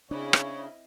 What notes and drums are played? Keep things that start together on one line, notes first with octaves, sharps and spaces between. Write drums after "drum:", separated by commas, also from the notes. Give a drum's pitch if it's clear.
C#3 C4 D4 E4 C#5 D#5
drum: rim click